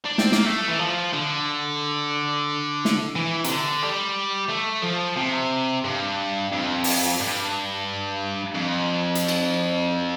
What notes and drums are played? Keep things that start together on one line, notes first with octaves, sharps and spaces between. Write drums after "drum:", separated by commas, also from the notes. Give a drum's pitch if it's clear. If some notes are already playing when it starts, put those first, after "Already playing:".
D4
C4, drum: snare
A#3, drum: snare
A3
E3
F3
D3
drum: snare
E3
C3, drum: hi-hat
D3
G3
A3
F3
C3
G2
F2
drum: open hi-hat
G2
F2
drum: hi-hat
drum: cymbal